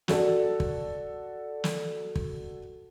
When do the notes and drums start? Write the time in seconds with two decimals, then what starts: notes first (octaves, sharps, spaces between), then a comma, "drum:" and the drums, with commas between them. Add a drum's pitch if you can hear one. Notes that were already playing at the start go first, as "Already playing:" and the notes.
0.08 F#4 A4 D5, drum: snare
0.60 drum: kick
1.64 drum: snare
2.16 drum: kick